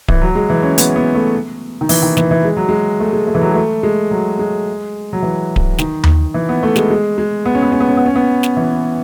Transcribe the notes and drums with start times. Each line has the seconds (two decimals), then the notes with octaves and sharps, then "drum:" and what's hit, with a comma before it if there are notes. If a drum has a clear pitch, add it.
0.08 E3, drum: kick D1
0.21 F#3
0.35 G#3
0.50 E3
0.63 C#4
0.78 B3, drum: hi-hat
0.96 B3
1.15 A3
1.81 D#3
1.89 E3, drum: open hi-hat
2.02 D#3
2.17 E3, drum: snare
2.31 E3
2.45 G#3
2.57 F#3
2.69 G#3
3.00 A3
3.13 G#3
3.27 A3
3.35 E3
3.41 F#3
3.49 G#3
3.55 A3
3.83 G#3
4.11 F#3
4.39 G#3
5.13 F#3
5.22 E3
5.56 drum: kick D1
5.79 D#3, drum: snare
6.04 drum: tom D#2
6.34 E3
6.49 B3
6.63 A3
6.76 G#3, drum: snare
6.90 G#3
7.18 G#3
7.45 B3
7.55 C#4
7.63 B3
7.72 C#4
7.80 B3
7.89 C#4
7.97 B3
8.06 C#4
8.16 B3
8.43 drum: snare
8.57 E3